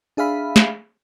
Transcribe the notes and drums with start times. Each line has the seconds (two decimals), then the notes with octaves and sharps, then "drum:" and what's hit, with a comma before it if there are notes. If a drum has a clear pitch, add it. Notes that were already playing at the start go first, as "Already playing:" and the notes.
0.17 D4 G#4 E5 F5 B5
0.56 drum: snare